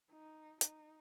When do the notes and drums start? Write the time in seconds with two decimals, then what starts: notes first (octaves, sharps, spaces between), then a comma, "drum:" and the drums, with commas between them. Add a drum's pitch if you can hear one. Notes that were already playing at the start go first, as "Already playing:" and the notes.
0.12 D#4
0.61 D#4, drum: hi-hat